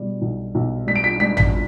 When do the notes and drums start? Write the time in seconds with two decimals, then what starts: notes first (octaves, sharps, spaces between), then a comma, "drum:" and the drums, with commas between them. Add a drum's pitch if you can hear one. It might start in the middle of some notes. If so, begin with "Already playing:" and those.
Already playing: B2 G3
0.22 B1
0.55 B1
0.87 G3 B6
0.96 D7
1.04 B6
1.20 G3 B6
1.37 B6, drum: tom A1